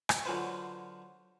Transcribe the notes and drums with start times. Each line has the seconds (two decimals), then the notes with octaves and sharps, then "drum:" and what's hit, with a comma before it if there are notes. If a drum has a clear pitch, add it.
0.09 drum: rim click
0.25 D3 F#3 F4 B4 C5